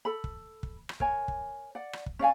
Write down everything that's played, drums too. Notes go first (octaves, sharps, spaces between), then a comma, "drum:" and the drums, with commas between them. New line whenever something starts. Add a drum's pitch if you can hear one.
A4 B5
drum: kick
drum: kick
drum: rim click
A#4 C#5 G#5, drum: kick
drum: kick
D5 F#5
drum: rim click
drum: kick
C#4 D5 F5 G#5